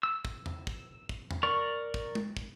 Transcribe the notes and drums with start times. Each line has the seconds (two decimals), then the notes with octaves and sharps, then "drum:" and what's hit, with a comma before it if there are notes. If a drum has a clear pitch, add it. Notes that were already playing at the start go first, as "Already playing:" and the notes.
0.03 E6
0.25 drum: kick
0.46 drum: tom E2
0.67 drum: kick
1.09 drum: kick
1.31 drum: tom E2
1.43 A#4 D5 C#6
1.94 drum: kick
2.15 drum: tom G#3
2.37 drum: kick